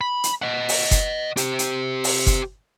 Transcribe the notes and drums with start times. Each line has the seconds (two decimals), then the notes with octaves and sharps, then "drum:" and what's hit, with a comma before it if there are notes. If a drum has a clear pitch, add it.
0.01 B5
0.24 drum: hi-hat
0.42 D#5 F#5
0.69 drum: open hi-hat
0.91 drum: kick F#1, hi-hat
1.37 G4 C5, drum: hi-hat
1.59 drum: hi-hat
2.04 drum: open hi-hat
2.26 drum: kick F#1, hi-hat